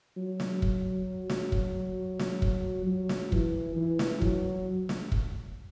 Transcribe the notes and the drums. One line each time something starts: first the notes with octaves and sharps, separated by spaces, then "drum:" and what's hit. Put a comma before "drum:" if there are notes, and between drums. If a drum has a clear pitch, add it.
F#3
drum: snare
drum: kick
drum: snare
drum: kick
drum: snare
drum: kick
F#3
drum: snare
E3, drum: kick
E3
drum: snare
F#3, drum: kick
drum: snare
drum: kick